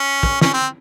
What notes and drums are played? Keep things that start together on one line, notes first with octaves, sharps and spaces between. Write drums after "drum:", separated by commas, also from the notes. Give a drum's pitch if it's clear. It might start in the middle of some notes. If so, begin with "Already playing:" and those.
Already playing: C#4
drum: kick
C#4, drum: snare
C4